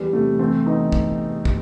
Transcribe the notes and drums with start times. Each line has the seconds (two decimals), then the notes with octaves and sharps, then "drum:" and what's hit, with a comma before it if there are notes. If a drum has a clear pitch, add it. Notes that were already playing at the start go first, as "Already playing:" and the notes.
Already playing: E2 E3 G3
0.13 C3 A3
0.39 E3 A3 C4
0.66 E3 B3 D#4
0.92 drum: kick
1.45 drum: kick